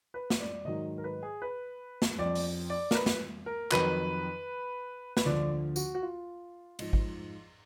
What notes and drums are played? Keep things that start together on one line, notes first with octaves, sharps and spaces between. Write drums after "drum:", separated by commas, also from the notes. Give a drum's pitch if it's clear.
B4
drum: snare
D5
G#2 D#3 F#3 D#5
A#4
B4
G#4
B4
drum: snare
F2 F3 D5
drum: open hi-hat
D5
A#4, drum: snare
B4
drum: snare
A#4
F2 D#3 F#3 B4, drum: clap
B4, drum: snare
D2 D3 F3 D5
F#4, drum: tambourine
F#4
F4
G#2 F3, drum: cymbal
drum: kick